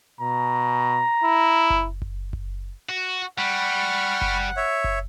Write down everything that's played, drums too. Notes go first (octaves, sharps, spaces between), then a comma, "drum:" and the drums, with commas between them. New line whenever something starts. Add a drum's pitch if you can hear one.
B2 A#5
E4
drum: kick F#1
drum: kick F#1
drum: kick F#1
F#4
G3 F#5 B5 C#6 F6
drum: kick F#1
C#5 E5
drum: kick F#1